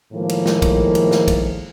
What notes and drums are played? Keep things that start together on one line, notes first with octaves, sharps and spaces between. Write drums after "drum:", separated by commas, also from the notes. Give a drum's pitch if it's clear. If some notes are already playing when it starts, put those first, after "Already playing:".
A2 D#3 F3 G#3 A#3
drum: cymbal
drum: snare
drum: kick, cymbal
drum: cymbal
drum: snare
drum: kick, cymbal